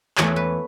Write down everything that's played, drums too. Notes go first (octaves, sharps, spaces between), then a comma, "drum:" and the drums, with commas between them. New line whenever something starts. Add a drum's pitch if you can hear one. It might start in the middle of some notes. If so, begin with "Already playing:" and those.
E2 E3 A3 C#5, drum: clap
B4